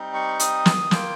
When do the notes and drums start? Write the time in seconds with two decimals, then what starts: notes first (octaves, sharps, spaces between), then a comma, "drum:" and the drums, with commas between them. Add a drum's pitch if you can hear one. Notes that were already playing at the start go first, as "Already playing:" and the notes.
Already playing: G3 C4 D#4
0.14 C#6
0.40 D#6, drum: hi-hat
0.66 drum: snare
0.91 A#3 F4 G5, drum: snare